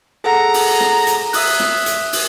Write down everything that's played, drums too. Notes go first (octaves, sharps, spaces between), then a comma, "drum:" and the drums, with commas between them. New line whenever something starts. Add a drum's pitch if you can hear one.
G#4 A4 F#5 A#5
drum: open hi-hat
drum: snare
drum: hi-hat
E5 D#6 E6 F#6, drum: open hi-hat
drum: snare
drum: hi-hat
drum: open hi-hat